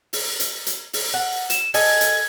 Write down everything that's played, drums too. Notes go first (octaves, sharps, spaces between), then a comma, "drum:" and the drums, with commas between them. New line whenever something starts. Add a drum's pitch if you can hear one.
drum: open hi-hat
drum: hi-hat
drum: hi-hat
drum: open hi-hat
F#5
E7, drum: hi-hat
A4 D#5 G#5 G#6, drum: open hi-hat
drum: hi-hat